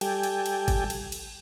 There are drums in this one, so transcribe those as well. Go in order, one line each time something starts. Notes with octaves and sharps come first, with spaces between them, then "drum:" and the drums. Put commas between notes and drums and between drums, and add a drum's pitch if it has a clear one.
G3 G4 A4 G5 G#5, drum: cymbal
drum: cymbal
drum: cymbal
drum: kick, cymbal
drum: cymbal
drum: cymbal